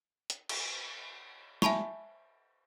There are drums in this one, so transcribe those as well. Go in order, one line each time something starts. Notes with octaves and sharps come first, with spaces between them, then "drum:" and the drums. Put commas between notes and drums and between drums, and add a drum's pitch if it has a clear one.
drum: hi-hat
drum: cymbal
E5 G#5 A5 B5 C#6, drum: snare